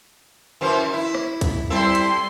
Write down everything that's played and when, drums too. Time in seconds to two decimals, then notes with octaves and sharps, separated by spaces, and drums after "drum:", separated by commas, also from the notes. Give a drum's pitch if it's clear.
0.61 F#2 E3 C5
0.93 E4
1.15 drum: rim click
1.41 drum: kick C2, hi-hat
1.70 G3 C4 E4 A4 C6
1.95 drum: hi-hat